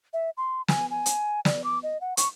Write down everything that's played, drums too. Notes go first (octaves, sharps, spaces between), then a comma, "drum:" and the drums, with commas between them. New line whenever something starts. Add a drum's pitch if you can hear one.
E5
C6
G#5, drum: snare
G#5
drum: hi-hat
D5, drum: snare
D6
D#5
F#5
C#6, drum: hi-hat